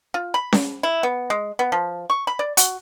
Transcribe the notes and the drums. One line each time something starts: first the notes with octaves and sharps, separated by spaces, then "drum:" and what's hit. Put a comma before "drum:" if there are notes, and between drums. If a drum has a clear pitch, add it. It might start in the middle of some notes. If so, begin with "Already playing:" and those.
F4
B5
drum: snare C#4
E4
B3
G#3
B3
F3
C#6
B5
D5
F#4, drum: hi-hat